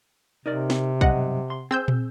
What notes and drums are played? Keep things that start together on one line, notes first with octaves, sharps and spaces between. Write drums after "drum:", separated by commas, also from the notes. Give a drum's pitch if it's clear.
C3 D#4 A#4 D5
drum: snare
B1 G2 D#5 F#5, drum: kick
C6
C4 G#4 E6 G6
drum: tom